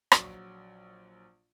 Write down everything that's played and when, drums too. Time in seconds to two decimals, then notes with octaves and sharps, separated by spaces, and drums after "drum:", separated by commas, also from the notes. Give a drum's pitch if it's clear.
0.12 A#1 F#3, drum: rim click